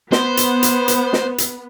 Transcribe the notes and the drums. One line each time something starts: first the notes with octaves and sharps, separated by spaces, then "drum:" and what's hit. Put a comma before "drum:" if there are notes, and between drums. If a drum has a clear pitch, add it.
B3 C5, drum: snare
drum: hi-hat
drum: hi-hat
drum: hi-hat
drum: snare
drum: hi-hat